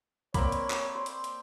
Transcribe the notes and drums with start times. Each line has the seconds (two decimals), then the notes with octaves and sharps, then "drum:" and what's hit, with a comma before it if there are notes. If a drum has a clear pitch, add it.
0.34 A#3 C4 C#5 D5 B5, drum: kick, hi-hat
0.52 drum: hi-hat
0.70 drum: clap
0.95 C5
1.06 drum: hi-hat
1.24 drum: hi-hat